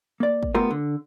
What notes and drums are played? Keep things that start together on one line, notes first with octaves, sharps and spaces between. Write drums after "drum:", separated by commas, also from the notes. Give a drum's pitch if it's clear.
A#3 D5
drum: kick
A3 B3 F4 G4 A#4
D3